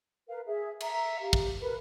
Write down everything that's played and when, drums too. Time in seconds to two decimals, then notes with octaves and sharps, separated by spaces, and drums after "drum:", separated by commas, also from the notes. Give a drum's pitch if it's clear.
0.29 A#4 B4 F5
0.46 G#4 E5
0.80 E5 A#5, drum: cymbal
1.20 G4 F5
1.33 drum: kick
1.62 A#4 B4 B5